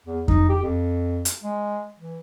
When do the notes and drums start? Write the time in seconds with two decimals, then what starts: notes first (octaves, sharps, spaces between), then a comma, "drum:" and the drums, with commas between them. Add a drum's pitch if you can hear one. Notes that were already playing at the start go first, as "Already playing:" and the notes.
0.06 E2
0.28 D#4, drum: kick F2
0.49 G4
0.62 F2
1.25 drum: hi-hat
1.43 G#3
2.00 E3